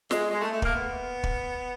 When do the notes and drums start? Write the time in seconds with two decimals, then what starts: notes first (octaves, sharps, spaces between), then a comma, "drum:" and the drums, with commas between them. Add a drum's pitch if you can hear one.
0.11 G#3, drum: snare
0.31 G#3
0.41 A3
0.52 A3
0.62 A#3, drum: kick
0.72 B3
1.23 drum: kick